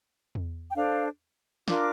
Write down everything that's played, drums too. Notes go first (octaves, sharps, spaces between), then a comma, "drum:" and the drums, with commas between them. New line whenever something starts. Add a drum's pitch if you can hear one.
drum: tom E2
G5
D4 A4 C5 F5
D4 F4 A#4 D6, drum: snare